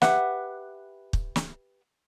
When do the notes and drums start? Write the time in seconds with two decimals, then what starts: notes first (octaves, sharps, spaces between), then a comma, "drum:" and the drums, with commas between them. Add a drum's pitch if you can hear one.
0.02 G4 B4 E5 F#5, drum: snare
1.13 drum: kick
1.36 drum: snare